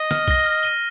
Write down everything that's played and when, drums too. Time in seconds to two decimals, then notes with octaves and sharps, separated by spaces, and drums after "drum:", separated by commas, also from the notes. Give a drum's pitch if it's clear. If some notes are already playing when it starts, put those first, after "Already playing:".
Already playing: D#5
0.11 F6, drum: snare
0.28 A#6 G7, drum: kick C2
0.46 F6
0.63 A#6 D#7 G7